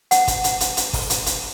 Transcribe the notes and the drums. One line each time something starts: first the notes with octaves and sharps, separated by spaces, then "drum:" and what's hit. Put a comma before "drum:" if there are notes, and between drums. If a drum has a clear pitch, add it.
F#5, drum: hi-hat
drum: kick, hi-hat
drum: hi-hat
drum: hi-hat
drum: hi-hat
drum: kick, open hi-hat
drum: hi-hat
drum: hi-hat